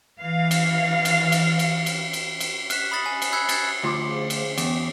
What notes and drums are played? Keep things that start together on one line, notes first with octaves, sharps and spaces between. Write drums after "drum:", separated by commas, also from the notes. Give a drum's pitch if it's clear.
E3 F5
drum: cymbal
drum: cymbal
drum: cymbal
drum: cymbal
drum: cymbal
drum: cymbal
drum: cymbal
F6 F#6 B6 E7, drum: cymbal
B5 D#6 A6 A#6 F#7
G#5
drum: cymbal
B5 E6 F#6 G#6 C#7
F#6 G#6 A6, drum: cymbal
D2 F3 C6 D6
G#4 C5 F5
drum: cymbal
E2 B3 C#5 G5, drum: cymbal